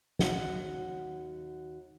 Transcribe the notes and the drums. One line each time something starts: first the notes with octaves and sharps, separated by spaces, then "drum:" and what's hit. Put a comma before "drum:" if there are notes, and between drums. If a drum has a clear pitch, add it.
D#2 F#4 F#5, drum: snare